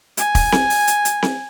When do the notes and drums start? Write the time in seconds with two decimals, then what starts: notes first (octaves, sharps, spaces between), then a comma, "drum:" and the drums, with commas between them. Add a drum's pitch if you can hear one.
0.17 G#5, drum: hi-hat
0.35 drum: kick, open hi-hat
0.52 drum: snare C4
0.70 drum: open hi-hat
0.87 drum: hi-hat
1.05 drum: hi-hat
1.22 drum: snare C4